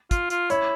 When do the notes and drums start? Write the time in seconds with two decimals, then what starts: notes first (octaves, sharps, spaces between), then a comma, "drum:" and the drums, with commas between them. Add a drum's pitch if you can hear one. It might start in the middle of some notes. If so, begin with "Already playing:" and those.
0.11 F4, drum: kick, hi-hat
0.30 F4, drum: hi-hat
0.50 E4 C#5, drum: hi-hat